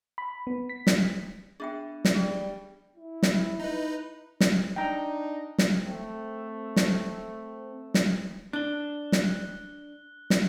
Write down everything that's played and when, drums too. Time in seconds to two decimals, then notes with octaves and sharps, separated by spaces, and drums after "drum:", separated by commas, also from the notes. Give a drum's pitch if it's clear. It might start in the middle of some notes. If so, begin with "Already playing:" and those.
0.18 B5
0.47 B3
0.69 B6
0.87 drum: snare
1.60 B3 D4 G#4 E5 G5
2.05 drum: snare
2.15 G3 G#4
2.97 E4
3.23 drum: snare
3.60 D#4 B4
4.41 drum: snare
4.76 D4 D#4 G5 A#5
5.58 drum: snare
5.86 A3 C4
6.76 drum: snare
7.94 drum: snare
8.53 D4 F#6 G7
9.12 drum: snare
10.30 drum: snare